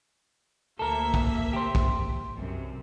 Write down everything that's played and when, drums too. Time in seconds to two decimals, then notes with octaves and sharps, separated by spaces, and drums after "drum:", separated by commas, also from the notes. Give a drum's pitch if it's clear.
0.79 D2 A#3 A4 A#4 E5
1.14 drum: kick
1.53 G4 C5
1.75 drum: kick
2.36 B1 F#2 C3